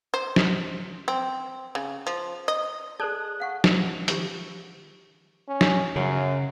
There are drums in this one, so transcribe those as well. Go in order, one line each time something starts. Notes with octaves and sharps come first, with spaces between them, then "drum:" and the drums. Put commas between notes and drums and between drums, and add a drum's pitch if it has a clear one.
C5
drum: snare
C4
C#3
F3
D#5
G#4 A4 D5 A5 D#6 F#6
F5 F#5 C#6
C5, drum: snare
D#3 F3 F4 G4, drum: hi-hat
C#4
drum: snare
F#2 C#3